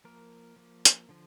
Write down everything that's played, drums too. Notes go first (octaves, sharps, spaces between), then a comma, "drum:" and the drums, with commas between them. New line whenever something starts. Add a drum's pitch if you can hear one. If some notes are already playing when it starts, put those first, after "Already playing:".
F3 A#3 A#4
F3 A#3
drum: hi-hat
D3 F3